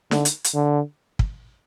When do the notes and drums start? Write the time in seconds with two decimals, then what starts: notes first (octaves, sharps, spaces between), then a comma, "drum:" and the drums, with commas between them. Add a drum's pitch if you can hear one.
0.11 D3, drum: snare
0.25 drum: hi-hat
0.44 drum: hi-hat
0.54 D3
1.19 drum: kick